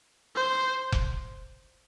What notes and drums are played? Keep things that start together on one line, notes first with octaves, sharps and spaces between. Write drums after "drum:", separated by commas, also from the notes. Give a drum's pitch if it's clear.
C5
drum: kick F1